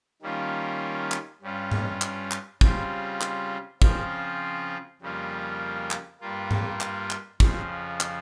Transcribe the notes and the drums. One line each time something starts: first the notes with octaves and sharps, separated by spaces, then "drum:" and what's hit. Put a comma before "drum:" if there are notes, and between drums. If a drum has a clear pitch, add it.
D#3 G3 A#3 C#4 F4
drum: clap
G2 G3 C#4 F4
drum: tom G#2
drum: clap
drum: clap
C#3 G3 C4 F4, drum: kick
drum: clap
C#3 F3 C4 F4, drum: kick
F2 C#3 G3 A#3 F4
drum: clap
G2 G3 A#3 F4
drum: tom G#2
drum: clap
drum: clap
F2 C#3 F3, drum: kick
drum: clap